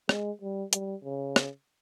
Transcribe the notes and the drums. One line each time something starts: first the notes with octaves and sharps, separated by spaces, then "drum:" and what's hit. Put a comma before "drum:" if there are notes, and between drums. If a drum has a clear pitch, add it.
G#3, drum: rim click
G3
G3, drum: hi-hat
C#3
drum: rim click